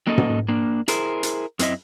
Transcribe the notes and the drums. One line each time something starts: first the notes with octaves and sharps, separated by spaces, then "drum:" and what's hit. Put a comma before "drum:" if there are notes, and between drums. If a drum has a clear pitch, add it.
F#3 A#3 C#4 D#4 A4 D#5
drum: tom
A#3 D4
E4 G#4 A#4 C5, drum: hi-hat
drum: hi-hat
F#2 C4 E4 D#5 E5, drum: hi-hat